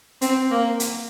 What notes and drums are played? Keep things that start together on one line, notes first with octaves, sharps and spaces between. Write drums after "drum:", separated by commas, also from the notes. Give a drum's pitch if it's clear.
C4, drum: hi-hat
A#3
drum: hi-hat